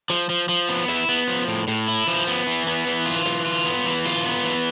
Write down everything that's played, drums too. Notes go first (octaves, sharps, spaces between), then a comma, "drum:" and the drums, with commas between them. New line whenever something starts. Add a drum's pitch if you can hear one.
F3, drum: hi-hat
F3
F3
B3
E4, drum: hi-hat
B3
F3
A2
A2, drum: hi-hat
E4
F3
B3
E3
B3
E3
F4
E3, drum: hi-hat
F4
B3
E3
F4, drum: hi-hat
B3
E3